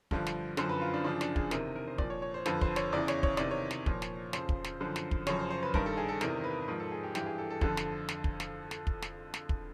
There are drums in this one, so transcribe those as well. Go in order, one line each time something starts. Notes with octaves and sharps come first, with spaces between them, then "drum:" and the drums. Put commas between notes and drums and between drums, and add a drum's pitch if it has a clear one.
G2 D3 F3, drum: kick
drum: snare
F#2 D3 F3 C5, drum: snare
B4
F4
D4
F#2 C#3 F3 D4
D4, drum: snare
G#4, drum: kick
E2 C3 D#3 A#4, drum: snare
A#4
C5
A#2 F3 D5, drum: kick
C#5
C#5
C5
F2 D3 F3 B4, drum: snare
C5, drum: kick
C#5, drum: snare
E2 C#3 E3 D5
C#5, drum: snare
C#5, drum: kick
E2 C3 D#3 D5, drum: snare
C#5
drum: snare
A#2 F3, drum: kick
drum: snare
F2 C#3 F3 C5, drum: snare
drum: kick
drum: snare
F#2 D3 F3
drum: snare
drum: kick
F#2 C#3 F3 C#5, drum: snare
C5
C5
B4
G2 D#3 A#4, drum: kick
A4
G#4
A4
E2 C3 D#3 A#4, drum: snare
B4
G#2 F3 A#4
A4
G#4
G4
G2 E3 G4, drum: snare
G#4
A4
A4
F2 D3 F3 A4, drum: kick
drum: snare
drum: snare
drum: kick
drum: snare
drum: snare
drum: kick
drum: snare
drum: snare
drum: kick